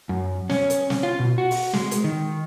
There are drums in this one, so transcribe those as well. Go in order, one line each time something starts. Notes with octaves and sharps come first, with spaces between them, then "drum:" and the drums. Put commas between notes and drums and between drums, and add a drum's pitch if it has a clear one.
F#2
C#4, drum: snare
drum: hi-hat
drum: snare
F4
B2
F#4
drum: open hi-hat
G#3, drum: snare
drum: hi-hat
D#3